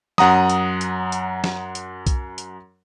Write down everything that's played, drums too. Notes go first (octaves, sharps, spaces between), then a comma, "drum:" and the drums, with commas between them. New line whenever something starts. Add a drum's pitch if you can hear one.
F#2 F#5 A#5 D#6, drum: snare
drum: hi-hat
drum: hi-hat
drum: hi-hat
drum: snare
drum: hi-hat
drum: kick B1, hi-hat
drum: hi-hat